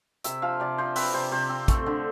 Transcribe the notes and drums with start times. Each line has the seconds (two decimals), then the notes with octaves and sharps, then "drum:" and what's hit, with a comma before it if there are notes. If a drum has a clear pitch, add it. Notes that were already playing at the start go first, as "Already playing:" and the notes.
0.24 C3 E5, drum: hi-hat
0.42 F3 F5
0.60 C3 D5
0.78 F3 C5
0.96 C4 B4, drum: open hi-hat
1.14 C3 C5
1.32 C3 C5
1.49 C4
1.68 A3, drum: kick, hi-hat
1.86 D3